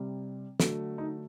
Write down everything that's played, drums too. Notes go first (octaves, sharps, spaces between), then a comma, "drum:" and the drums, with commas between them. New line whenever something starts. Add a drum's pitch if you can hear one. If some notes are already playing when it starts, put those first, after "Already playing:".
Already playing: C3 G3
D3 F#3 A3, drum: snare
D#4